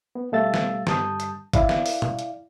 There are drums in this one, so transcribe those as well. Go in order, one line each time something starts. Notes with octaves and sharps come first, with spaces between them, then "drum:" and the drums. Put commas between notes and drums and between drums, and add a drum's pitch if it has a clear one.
B3
B2 G3 A3 F5 E6 A6
drum: snare
G2 D3 G3 A5 D#6 G6, drum: snare
drum: hi-hat
E4 D5 F5, drum: kick, hi-hat
drum: snare
drum: open hi-hat
drum: tom
drum: hi-hat